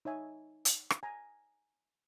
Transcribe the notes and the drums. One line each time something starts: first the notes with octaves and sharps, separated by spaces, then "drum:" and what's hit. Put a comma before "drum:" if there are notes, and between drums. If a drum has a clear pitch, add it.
D#4 C#5 E5 G#5
drum: hi-hat
drum: rim click
G#5 A#5